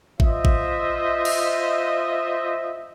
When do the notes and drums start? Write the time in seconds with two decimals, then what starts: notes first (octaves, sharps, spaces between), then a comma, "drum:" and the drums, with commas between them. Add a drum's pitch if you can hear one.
0.20 F4 C5 D#5 E5, drum: kick A1
0.45 drum: kick A1
1.25 drum: cymbal